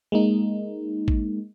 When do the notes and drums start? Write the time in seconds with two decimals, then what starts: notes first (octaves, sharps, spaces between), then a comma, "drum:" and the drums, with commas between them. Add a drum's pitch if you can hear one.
0.12 G#3 A#3 D#4
1.08 drum: kick A1